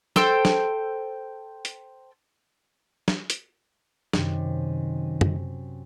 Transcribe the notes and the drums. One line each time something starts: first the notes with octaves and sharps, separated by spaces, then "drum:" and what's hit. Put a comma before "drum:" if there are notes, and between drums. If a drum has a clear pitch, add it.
A4 C5 G5 E6, drum: snare
drum: snare
drum: hi-hat
drum: snare
drum: hi-hat
F#2 C3 D#3, drum: snare
drum: tom